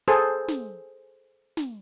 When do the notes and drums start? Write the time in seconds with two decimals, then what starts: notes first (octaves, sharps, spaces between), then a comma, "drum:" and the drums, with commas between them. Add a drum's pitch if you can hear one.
0.08 G#4 A4 C5
0.48 drum: snare
1.57 drum: snare